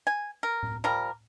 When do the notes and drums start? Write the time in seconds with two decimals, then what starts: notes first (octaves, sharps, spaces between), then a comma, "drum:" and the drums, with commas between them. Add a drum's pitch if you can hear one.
0.07 G#5
0.43 A#4
0.63 drum: tom A2
0.84 F3 G3 A#4